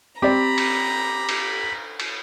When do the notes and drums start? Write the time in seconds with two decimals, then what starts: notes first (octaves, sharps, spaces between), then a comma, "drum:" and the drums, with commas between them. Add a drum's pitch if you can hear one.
0.22 C4 G4 D5 A#5 B5
0.58 drum: cymbal
1.29 drum: cymbal
2.00 drum: cymbal